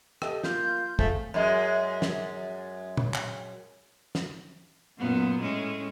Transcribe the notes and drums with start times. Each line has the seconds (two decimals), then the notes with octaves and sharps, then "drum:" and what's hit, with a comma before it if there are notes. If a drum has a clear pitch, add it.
0.22 G4 A4 D#5 G5, drum: rim click
0.44 A#3 F4 G6, drum: snare
0.99 A3 C4 F4 G#4, drum: kick
1.34 F#2 G#3
2.02 drum: snare
2.97 drum: tom A#2
3.14 drum: clap
4.15 drum: snare
4.98 F#2 A#2 B3
5.41 A2 G#3 C#4